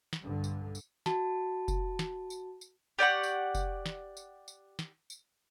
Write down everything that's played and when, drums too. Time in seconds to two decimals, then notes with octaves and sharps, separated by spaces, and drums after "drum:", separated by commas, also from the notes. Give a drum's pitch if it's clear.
0.13 drum: snare
0.22 B1 G2 D3
0.44 drum: tambourine
0.75 drum: tambourine
1.06 F#4 A5, drum: snare
1.68 drum: kick F1, tambourine
1.99 drum: snare
2.30 drum: tambourine
2.61 drum: tambourine
2.99 G4 D5 F#5 C#6
3.23 drum: tambourine
3.55 drum: kick F1, tambourine
3.86 drum: snare
4.17 drum: tambourine
4.48 drum: tambourine
4.79 drum: snare
5.10 drum: tambourine